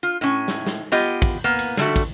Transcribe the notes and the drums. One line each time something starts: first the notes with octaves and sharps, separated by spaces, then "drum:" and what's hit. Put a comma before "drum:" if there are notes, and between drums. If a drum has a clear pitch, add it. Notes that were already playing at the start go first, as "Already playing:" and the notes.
F4
A2 C#4
drum: snare
drum: snare
B3 F4 G4 D#5
drum: kick, cymbal
A#3 B3
drum: cymbal
D3 G3 A3 F#4, drum: snare
drum: kick, cymbal